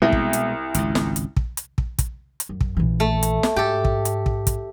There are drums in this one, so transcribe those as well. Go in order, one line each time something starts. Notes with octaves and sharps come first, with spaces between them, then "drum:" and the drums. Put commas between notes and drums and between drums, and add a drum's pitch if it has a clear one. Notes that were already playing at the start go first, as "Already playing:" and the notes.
C2 B2 G#3
drum: kick
drum: hi-hat
G#1 C#2, drum: hi-hat
drum: snare
drum: hi-hat
drum: kick
drum: hi-hat
drum: kick
drum: kick, hi-hat
drum: hi-hat
F#2
drum: kick
A#1 E3
A3
drum: hi-hat
drum: snare
G#2 G4 A4
drum: kick
drum: hi-hat
drum: kick
drum: kick, hi-hat